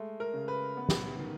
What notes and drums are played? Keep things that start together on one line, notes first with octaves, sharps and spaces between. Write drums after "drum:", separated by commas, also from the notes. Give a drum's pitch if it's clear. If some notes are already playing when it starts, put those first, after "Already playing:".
Already playing: G#3 A3
A#4
C#3
B4
B3
drum: snare
D#3